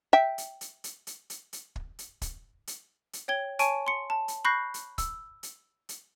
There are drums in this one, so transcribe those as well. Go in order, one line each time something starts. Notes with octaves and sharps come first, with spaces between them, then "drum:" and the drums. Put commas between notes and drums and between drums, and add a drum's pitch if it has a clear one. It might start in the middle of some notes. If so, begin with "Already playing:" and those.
E5 G5
drum: hi-hat
drum: hi-hat
drum: hi-hat
drum: hi-hat
drum: hi-hat
drum: hi-hat
drum: kick
drum: hi-hat
drum: kick, hi-hat
drum: hi-hat
drum: hi-hat
C#5 G5 G#6 G7
C#5 G#5 A5 C#6 D7 D#7, drum: hi-hat
C6 C#7
A5
drum: hi-hat
B5 C#6 F#6 G6 A#6 C7
drum: hi-hat
E6, drum: kick, hi-hat
drum: hi-hat
drum: hi-hat